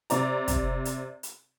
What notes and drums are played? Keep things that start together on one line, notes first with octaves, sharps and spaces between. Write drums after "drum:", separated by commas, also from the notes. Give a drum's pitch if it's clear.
C3 D5 A#5, drum: hi-hat
drum: kick, hi-hat
drum: hi-hat
drum: hi-hat